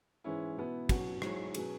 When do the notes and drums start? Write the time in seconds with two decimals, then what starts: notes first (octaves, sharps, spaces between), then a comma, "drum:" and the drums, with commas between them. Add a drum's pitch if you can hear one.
0.24 G#2 E3 G#3 C#4 E4
0.58 B2 B3 E4
0.89 B2 F#3 C#4 F#4, drum: kick, cymbal
1.22 G#2 F#3 E4 G#4 C#5, drum: rim click
1.54 B2 F#3 C#4 G#4, drum: cymbal